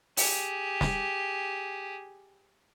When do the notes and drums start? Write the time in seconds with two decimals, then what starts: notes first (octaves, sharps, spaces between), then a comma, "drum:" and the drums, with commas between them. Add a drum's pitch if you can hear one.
0.17 G4 G#4, drum: open hi-hat
0.81 drum: snare